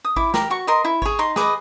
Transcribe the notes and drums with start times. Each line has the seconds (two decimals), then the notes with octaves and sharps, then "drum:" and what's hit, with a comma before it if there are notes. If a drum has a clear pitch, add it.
0.05 D#6
0.16 E4 D6, drum: kick G#1
0.34 G4 A#4, drum: snare
0.50 F#4 C#6
0.67 A#4 D#5 C6
0.85 E4
1.02 G#4 C#5, drum: kick G#1
1.19 D#4 C6
1.36 G#4 B4 D#5 D6, drum: snare